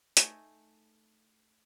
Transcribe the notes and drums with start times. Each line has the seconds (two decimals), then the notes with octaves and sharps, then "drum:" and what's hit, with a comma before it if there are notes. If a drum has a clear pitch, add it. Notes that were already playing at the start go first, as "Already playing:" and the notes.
0.17 A3 D#4 G#5, drum: hi-hat